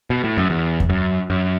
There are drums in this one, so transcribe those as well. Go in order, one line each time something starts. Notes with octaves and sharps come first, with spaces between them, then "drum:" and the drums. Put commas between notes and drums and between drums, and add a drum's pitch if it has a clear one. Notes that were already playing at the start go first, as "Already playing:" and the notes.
B2
A2
F#2
E2
drum: kick E2
F#2
F#2